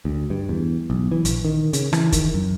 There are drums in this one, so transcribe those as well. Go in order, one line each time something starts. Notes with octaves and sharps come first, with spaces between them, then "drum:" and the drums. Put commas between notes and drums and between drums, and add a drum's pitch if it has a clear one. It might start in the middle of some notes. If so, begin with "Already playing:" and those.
D2
G2
E2
B1
E3
A#1, drum: hi-hat
D#3
C#3, drum: hi-hat
E3, drum: rim click
D#3, drum: kick, hi-hat
F#2